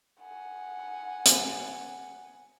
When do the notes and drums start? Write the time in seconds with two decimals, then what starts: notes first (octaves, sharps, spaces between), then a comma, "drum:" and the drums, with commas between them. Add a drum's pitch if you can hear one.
0.21 F#5 G#5
1.26 drum: hi-hat